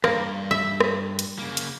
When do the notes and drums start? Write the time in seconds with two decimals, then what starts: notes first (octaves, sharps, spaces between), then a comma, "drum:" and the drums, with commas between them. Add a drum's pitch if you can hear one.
0.04 G2 A#3, drum: rim click
0.51 E5
0.80 drum: rim click
1.19 drum: hi-hat
1.39 C#3 A#3
1.57 drum: hi-hat